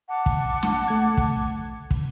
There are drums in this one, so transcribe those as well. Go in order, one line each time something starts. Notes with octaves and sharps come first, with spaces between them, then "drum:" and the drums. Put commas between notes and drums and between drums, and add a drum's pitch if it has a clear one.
F#5 A5 D6
drum: kick
drum: snare
A3 G#6
drum: kick
drum: kick